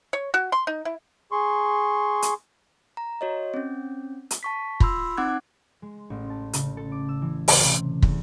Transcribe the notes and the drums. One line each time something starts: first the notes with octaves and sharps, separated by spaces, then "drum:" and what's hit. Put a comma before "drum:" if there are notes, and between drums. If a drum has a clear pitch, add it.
C#5
F#4
C6
D#4
E4
G#4 C6 C#6
drum: hi-hat
A#5
F#4 C#5 D#5
C4 C#4
drum: hi-hat
A5 C#6 B6
F4 B5 C6 E6, drum: kick
C4 D#4 F#5 D6 F#6 G#6
G#3
A1
A5
C#3, drum: hi-hat
A4
D6
E6
E3
C#2, drum: open hi-hat
C3
E2, drum: kick